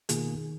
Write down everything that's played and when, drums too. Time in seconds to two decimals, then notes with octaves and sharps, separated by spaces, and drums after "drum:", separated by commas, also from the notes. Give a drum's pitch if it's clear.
0.09 B2 D#3 A#3 F4 G#4, drum: hi-hat